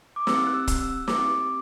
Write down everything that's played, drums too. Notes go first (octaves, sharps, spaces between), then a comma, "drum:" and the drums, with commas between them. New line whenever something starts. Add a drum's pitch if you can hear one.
D6
C4 G4 E6, drum: snare
F#6
E6
drum: kick, hi-hat
E6
C4 G4 D6, drum: snare